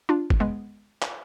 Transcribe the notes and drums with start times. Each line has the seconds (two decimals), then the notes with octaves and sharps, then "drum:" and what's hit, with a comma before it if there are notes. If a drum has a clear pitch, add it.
0.09 D4 F4
0.30 drum: kick
0.40 G#3 B3
1.02 drum: clap